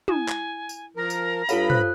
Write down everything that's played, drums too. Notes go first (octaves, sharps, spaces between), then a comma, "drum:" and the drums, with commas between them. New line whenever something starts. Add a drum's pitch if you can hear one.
E4 G#5, drum: tom
drum: clap
drum: tambourine
F3 A#4 A#5
drum: tambourine
G2 F4 G4 A4 C#5 F5 F#5 B5, drum: tambourine
C5 F#6, drum: tom